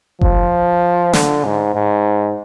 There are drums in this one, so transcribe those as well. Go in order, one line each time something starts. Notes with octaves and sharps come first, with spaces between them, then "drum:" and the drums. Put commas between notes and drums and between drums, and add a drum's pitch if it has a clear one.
F3, drum: kick F#1
D3, drum: snare
G#2
G#2